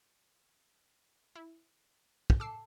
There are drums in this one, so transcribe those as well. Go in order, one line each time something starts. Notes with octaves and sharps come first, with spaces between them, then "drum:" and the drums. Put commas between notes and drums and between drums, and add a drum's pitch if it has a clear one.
E4
drum: kick
A4 D6 E6 C7